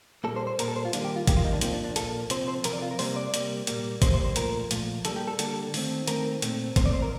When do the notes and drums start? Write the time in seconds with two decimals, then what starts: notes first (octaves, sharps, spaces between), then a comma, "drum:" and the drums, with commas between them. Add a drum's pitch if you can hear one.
0.24 A#2 G3 A#3 A4
0.36 C5
0.47 C5
0.59 A#2 G3 A#3 A#4, drum: hi-hat
0.68 A4
0.76 C5
0.85 F4
0.93 D#3 G3 A#3 D4, drum: hi-hat
1.05 G4
1.16 F4
1.27 D#3 G3 A#3 G4, drum: kick A1, hi-hat
1.36 F4
1.45 D#4
1.53 D4
1.61 A#2 F3 A#3 C4, drum: hi-hat
1.73 D4
1.84 D4
1.96 A#2 F3 A#3 A4, drum: hi-hat
2.30 C3 F3 C4 C5, drum: hi-hat
2.48 C5
2.64 C3 F3 C4 A#4, drum: hi-hat
2.73 D5
2.82 F4
2.91 A#4
2.99 C3 G3 A#3 C5, drum: open hi-hat
3.16 D5
3.34 C3 G3 A#3, drum: hi-hat
3.67 A#2 G3 A#3, drum: hi-hat
4.02 A#2 G3 A#3 C5, drum: kick A1, hi-hat
4.14 C5
4.24 C5
4.36 A#2 F3 A3 A#4, drum: hi-hat
4.71 A#2 F3 A3, drum: hi-hat
5.05 D3 G3 A#3 A4, drum: hi-hat
5.16 G4
5.27 A4
5.39 D3 G3 A#3 A4, drum: hi-hat
5.74 D#3 A3 C4, drum: open hi-hat
6.07 D#3 A3 C4 A#4, drum: hi-hat
6.42 A#2 A3 C4, drum: hi-hat
6.76 A#2 A3 C4 C5, drum: kick A1, hi-hat
6.86 D5
6.94 C5
7.02 A#4